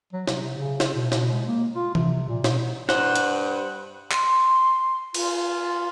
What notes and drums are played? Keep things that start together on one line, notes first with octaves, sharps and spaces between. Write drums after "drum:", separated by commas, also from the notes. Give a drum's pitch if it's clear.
F#3
C3, drum: snare
C3
C#3
drum: snare
B2
B2, drum: snare
G#3
A#3
F4
C3, drum: tom E3
A#2
B2, drum: snare
G2 C5 F#5, drum: snare
drum: hi-hat
C6, drum: clap
F4, drum: cymbal